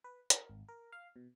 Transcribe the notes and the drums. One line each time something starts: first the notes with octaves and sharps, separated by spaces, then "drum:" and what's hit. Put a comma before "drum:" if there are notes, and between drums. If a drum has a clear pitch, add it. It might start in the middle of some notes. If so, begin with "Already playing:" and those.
B4
A#4, drum: hi-hat
G#1
A#4
F5
B2